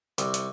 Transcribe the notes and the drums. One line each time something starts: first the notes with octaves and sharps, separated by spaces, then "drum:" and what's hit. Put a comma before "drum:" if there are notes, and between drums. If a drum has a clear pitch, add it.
C2, drum: hi-hat
drum: hi-hat